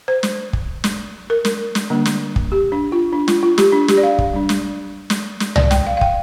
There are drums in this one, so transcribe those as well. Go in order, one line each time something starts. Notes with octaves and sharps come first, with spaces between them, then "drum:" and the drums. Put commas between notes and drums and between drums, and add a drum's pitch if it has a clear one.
C5
drum: snare
drum: kick
drum: snare
A#4
drum: snare
drum: snare
D3 G3 A#3 D4
drum: snare
drum: kick
G4
D4
F4
D4
F4, drum: snare
F4
G4, drum: snare
D4
G4, drum: snare
D5
F5
drum: kick
G3 D4
drum: snare
drum: snare
drum: snare
D5, drum: tom
G5, drum: snare
F5
F5
G5, drum: kick